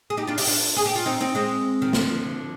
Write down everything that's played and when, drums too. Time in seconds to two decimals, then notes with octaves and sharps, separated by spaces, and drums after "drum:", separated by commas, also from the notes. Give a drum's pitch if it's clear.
0.10 G#4
0.17 D#4 G4
0.27 D4 F4
0.38 D#4 G4, drum: open hi-hat
0.47 D4 F4
0.77 G#4
0.86 G4
0.95 F4
1.06 C4 D#4
1.20 C4 D#4
1.35 G#3 C4
1.82 D#3
1.93 D3 F3, drum: snare